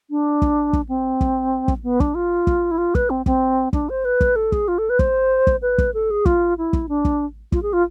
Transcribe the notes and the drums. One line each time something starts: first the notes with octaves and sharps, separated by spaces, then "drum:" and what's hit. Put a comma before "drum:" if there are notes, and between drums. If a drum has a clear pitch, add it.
D4
drum: kick
drum: kick
C4
drum: kick
drum: kick
B3
D4, drum: kick
F4
drum: kick
E4
F4
B4, drum: kick
C4
C4, drum: kick
D4, drum: kick
C5
B4
drum: kick
A4
G#4, drum: kick
F4
A4
B4
C5, drum: kick
drum: kick
B4
drum: kick
A4
G#4
F4, drum: kick
E4
drum: kick
D4
drum: kick
F4, drum: kick
G#4
F4